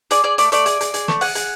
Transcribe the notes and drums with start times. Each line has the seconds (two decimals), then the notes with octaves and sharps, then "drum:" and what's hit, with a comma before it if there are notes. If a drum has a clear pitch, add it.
0.11 G#4 D5, drum: hi-hat
0.24 G#4 D5
0.38 A3 D5, drum: hi-hat
0.52 A3 D5, drum: hi-hat
0.66 G#4, drum: hi-hat
0.81 G#4, drum: hi-hat
0.94 G#4, drum: hi-hat
1.08 A3, drum: snare
1.21 G#4 F#5, drum: open hi-hat
1.35 G#4, drum: hi-hat